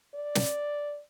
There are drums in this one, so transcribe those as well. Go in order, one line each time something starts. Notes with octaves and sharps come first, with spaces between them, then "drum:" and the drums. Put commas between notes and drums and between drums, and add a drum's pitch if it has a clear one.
D5
drum: snare